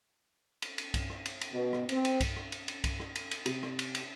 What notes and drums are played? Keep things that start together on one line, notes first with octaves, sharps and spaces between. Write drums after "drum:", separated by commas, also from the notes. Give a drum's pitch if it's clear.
drum: cymbal
drum: cymbal
drum: kick C2, cymbal
drum: rim click
drum: cymbal
drum: cymbal
B2
drum: rim click
C4, drum: cymbal
drum: cymbal
drum: kick C2, cymbal
drum: rim click
drum: cymbal
drum: cymbal
drum: kick C2, cymbal
drum: rim click
drum: cymbal
drum: cymbal
C3, drum: cymbal
drum: rim click
drum: cymbal
drum: cymbal